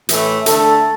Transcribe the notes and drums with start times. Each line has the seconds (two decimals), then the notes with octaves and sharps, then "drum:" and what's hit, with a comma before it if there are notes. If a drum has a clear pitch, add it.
0.09 A2 E3 A3, drum: hi-hat
0.46 D3 A3 A4, drum: hi-hat